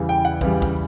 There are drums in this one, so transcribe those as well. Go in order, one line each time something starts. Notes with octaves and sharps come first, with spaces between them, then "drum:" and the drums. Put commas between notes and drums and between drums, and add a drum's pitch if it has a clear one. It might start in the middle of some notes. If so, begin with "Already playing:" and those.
Already playing: E2 C#3 E3 G3
G5
F#5
E2 C#3 E3 G3, drum: kick
drum: kick